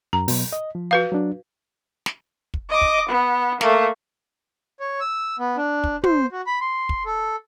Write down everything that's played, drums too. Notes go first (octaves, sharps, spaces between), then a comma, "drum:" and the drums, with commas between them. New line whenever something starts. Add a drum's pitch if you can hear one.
F#2 A#5
B2 F#3, drum: open hi-hat
D#5
F3
F#4 B4 F5
F#3 D4
drum: snare
drum: kick
D#5 D6
drum: kick
B3
A3 A#3, drum: snare
C#5
E6
B3
D4
drum: kick
C5, drum: tom
F#4
B5
C6
drum: kick
A4